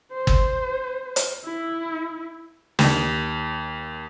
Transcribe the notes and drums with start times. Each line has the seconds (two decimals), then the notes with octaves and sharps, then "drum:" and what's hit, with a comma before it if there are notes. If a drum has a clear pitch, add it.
0.12 C5
0.27 drum: kick G1
1.16 drum: hi-hat
1.45 E4
2.79 D#2, drum: snare